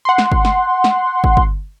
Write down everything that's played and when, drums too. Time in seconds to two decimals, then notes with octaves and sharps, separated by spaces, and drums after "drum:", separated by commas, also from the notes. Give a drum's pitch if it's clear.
0.05 F#5 C6
0.18 drum: snare
0.32 drum: kick
0.45 drum: snare
0.84 drum: snare
1.24 drum: kick
1.37 drum: kick